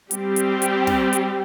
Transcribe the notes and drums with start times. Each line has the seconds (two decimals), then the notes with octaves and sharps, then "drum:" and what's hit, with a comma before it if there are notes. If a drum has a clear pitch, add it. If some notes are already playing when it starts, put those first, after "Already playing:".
0.11 G3 C4 G4, drum: hi-hat
0.36 drum: hi-hat
0.62 drum: hi-hat
0.87 drum: snare
1.13 drum: hi-hat